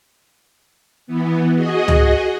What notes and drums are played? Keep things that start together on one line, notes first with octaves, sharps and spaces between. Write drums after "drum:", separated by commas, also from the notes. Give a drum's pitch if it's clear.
E3 B3
F#4 G#4 D#5
drum: tom C#2